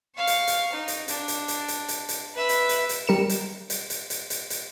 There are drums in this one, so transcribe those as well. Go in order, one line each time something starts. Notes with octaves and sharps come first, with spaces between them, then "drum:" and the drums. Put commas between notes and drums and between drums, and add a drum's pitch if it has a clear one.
F5 C#6
drum: hi-hat
drum: hi-hat
D#4
drum: hi-hat
D4, drum: hi-hat
drum: hi-hat
drum: hi-hat
drum: hi-hat
drum: hi-hat
drum: hi-hat
B4 E5
drum: hi-hat
drum: hi-hat
drum: hi-hat
G3 A#4 C#7 E7
drum: hi-hat
drum: hi-hat
drum: hi-hat
drum: hi-hat
drum: hi-hat
drum: hi-hat